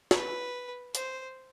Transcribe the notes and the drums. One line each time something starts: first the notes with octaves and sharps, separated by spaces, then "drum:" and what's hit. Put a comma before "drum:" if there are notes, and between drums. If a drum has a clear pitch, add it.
B4, drum: snare
C5, drum: hi-hat